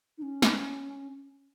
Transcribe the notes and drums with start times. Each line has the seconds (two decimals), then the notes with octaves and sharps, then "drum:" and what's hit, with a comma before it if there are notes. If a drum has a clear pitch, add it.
0.18 D#4
0.22 C#4
0.42 drum: snare